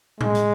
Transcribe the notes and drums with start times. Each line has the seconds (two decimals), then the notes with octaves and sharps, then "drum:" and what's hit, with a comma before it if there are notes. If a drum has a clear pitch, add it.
0.21 G#3, drum: tom A2
0.35 drum: hi-hat